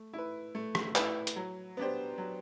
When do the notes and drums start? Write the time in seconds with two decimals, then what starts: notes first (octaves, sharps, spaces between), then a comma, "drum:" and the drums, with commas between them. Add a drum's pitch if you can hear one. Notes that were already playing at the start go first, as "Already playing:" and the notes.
Already playing: A3
0.13 E4 B4
0.55 A3
0.75 drum: rim click
0.95 E4 B4, drum: clap
1.27 drum: hi-hat
1.36 F#3
1.77 B3 D4 G4 C5
2.18 F#3